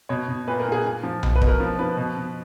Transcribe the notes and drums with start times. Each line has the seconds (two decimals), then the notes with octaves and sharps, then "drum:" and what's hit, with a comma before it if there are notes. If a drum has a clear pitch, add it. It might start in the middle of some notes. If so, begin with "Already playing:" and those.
0.09 B2 C#5
0.28 B2
0.48 A#2 B4
0.60 A#4
0.66 A#2
0.72 G#4
0.85 A#2
1.03 F3
1.23 B2, drum: tom B1
1.36 B4
1.42 B2, drum: kick
1.47 A#4
1.60 F3
1.79 F3 B4
1.97 B2
2.17 B2